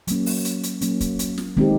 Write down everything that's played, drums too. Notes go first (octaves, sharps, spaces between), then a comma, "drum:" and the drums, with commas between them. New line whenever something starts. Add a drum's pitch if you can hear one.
F#3 A#3 C#4, drum: hi-hat
drum: open hi-hat
drum: hi-hat
drum: hi-hat
F#3 A#3 C#4, drum: hi-hat
drum: kick, hi-hat
drum: hi-hat
drum: snare
D#3 G#3 C4 D#4 G4, drum: kick